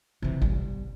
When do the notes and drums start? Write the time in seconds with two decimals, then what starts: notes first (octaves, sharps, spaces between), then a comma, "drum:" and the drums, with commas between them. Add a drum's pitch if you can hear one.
0.22 C3 E3
0.42 B1 G3, drum: kick G1